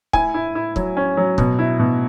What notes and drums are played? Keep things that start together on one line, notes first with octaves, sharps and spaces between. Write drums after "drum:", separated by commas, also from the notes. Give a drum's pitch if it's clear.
E4 G#5, drum: kick
E4
E4
F#3, drum: kick
C#4
F#3
B2, drum: kick
E4
B2